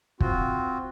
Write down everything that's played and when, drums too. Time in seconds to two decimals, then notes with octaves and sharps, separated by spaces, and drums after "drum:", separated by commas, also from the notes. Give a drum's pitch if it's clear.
0.20 C4 F4 F#4, drum: kick